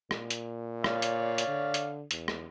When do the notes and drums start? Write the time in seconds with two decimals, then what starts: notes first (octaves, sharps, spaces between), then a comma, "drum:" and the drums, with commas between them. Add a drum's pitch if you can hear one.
0.11 A#2, drum: rim click
0.30 drum: hi-hat
0.84 C#5 D5 F5, drum: rim click
1.02 drum: hi-hat
1.38 drum: hi-hat
1.47 D3
1.74 drum: hi-hat
2.11 E2, drum: hi-hat
2.28 drum: rim click